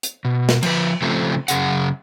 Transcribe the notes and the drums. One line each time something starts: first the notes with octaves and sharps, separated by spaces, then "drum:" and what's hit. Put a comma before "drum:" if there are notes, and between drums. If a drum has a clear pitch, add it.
drum: hi-hat
B2
drum: snare
F3 B4, drum: cymbal
C#3 F3 A3 C4
F#2 C#3 G#4 F#5, drum: hi-hat